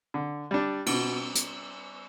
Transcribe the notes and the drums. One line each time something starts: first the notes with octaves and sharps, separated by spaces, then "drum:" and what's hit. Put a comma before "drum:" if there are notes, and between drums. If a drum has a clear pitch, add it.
D3
G3 D4
B2, drum: cymbal
drum: hi-hat